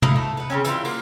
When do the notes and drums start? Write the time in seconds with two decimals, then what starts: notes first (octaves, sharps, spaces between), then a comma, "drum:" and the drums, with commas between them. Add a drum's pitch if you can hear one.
0.02 D#4 E4 F5, drum: tom
0.16 A3
0.37 B4 F#5
0.50 C#3 E3 C4 C#4
0.65 E3 G3 F4, drum: hi-hat
0.85 A#3 F4 F#5, drum: open hi-hat